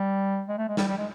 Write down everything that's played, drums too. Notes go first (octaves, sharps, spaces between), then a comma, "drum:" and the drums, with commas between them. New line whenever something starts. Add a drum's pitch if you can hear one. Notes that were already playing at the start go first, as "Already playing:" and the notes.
Already playing: G3
G#3
A3
G#3
G3, drum: snare
G3
G#3